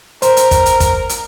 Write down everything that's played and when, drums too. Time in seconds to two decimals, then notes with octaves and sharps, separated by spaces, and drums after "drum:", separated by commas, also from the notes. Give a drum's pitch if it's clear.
0.22 A#4 C5, drum: hi-hat
0.37 drum: hi-hat
0.51 drum: kick, hi-hat
0.66 drum: hi-hat
0.80 drum: kick, hi-hat
1.09 drum: hi-hat